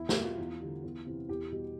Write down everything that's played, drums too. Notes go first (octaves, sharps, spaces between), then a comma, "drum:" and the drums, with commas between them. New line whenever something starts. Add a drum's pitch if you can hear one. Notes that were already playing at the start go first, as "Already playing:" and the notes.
Already playing: E2 E4
G4, drum: snare
B2 G3
F4
E2
D3 G3
E2
C3 E3
E2 G4
B2 G3